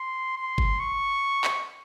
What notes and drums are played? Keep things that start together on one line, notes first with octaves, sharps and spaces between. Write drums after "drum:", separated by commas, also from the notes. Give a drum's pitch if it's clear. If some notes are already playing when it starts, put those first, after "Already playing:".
Already playing: C6
C6
drum: kick G1
C#6
drum: clap